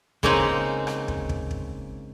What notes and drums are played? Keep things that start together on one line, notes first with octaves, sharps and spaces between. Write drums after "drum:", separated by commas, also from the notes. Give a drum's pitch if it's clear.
C#3 G#3 A#3 C4 C#4 D#4, drum: kick
drum: rim click
drum: kick
drum: kick
drum: kick